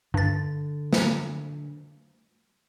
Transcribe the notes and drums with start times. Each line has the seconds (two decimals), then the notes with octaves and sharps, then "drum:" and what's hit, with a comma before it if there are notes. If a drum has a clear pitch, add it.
0.14 G2 D3 A6
0.93 drum: snare